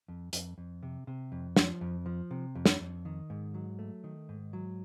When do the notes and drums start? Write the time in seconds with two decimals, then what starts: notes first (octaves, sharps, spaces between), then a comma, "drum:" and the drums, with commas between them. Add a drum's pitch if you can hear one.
0.08 F2
0.33 F2, drum: hi-hat
0.58 F2
0.83 C3
1.07 C3
1.32 F2
1.57 F3, drum: snare
1.81 F2
2.06 F3
2.31 C3
2.55 F2
2.66 drum: snare
2.80 F2
3.05 D#3
3.30 G#2
3.54 F#3
3.79 A3
4.04 D#3
4.29 G#2
4.53 F#3